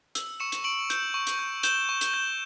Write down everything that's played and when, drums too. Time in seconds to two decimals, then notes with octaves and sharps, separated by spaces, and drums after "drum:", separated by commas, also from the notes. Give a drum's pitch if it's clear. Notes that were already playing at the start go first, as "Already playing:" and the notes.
0.15 E6, drum: hi-hat
0.40 C#6 C#7 E7
0.52 drum: hi-hat
0.64 C#6 D7 F#7
0.90 G6, drum: hi-hat
1.14 C#6
1.27 drum: hi-hat
1.39 G6
1.63 G6 E7 G7, drum: hi-hat
1.89 C#6
2.01 drum: hi-hat
2.14 G6